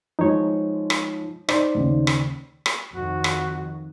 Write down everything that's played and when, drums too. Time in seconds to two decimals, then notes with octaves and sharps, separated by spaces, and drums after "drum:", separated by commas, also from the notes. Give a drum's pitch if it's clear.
0.19 F3 G#3 D#4 C#5
0.90 drum: rim click
1.49 D#4 C5 D5, drum: rim click
1.75 D#2 C#3
2.07 drum: rim click
2.66 drum: rim click
2.95 F2 D#3 F#4
3.24 drum: rim click